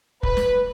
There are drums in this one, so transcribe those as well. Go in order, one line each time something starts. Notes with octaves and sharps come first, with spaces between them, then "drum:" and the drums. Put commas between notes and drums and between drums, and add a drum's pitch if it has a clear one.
B4, drum: kick
drum: snare